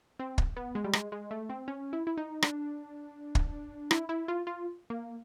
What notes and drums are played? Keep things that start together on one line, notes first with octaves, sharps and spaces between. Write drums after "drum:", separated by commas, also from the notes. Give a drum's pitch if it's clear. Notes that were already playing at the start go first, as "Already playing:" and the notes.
C4
drum: kick
B3
G#3
G3
G#3, drum: rim click
G#3
A3
C4
C#4
E4
E4
D#4
D4, drum: rim click
drum: kick
E4, drum: rim click
E4
F4
F4
A#3